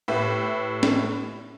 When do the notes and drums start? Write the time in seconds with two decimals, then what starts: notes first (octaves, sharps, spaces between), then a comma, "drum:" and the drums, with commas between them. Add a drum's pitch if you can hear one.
0.08 A2 G4 B4 E5
0.83 drum: snare